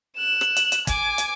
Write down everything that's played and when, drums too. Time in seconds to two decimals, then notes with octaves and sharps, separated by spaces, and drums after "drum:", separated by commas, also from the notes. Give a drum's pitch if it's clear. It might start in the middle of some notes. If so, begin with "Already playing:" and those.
0.18 F#6 E7
0.41 drum: rim click
0.56 drum: hi-hat
0.72 drum: hi-hat
0.87 G#5 D6, drum: kick, hi-hat
1.18 drum: hi-hat